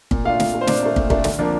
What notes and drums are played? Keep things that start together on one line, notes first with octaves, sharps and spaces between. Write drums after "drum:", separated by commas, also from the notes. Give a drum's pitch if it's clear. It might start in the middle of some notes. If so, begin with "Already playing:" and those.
A#2, drum: kick
A3 D4 F4 F5
A#2, drum: snare
A3 D4
C5
A#2 D4 D5, drum: snare
A3 D4
A#2, drum: kick
A3 D4, drum: kick
D3, drum: snare
F3 A#3 D4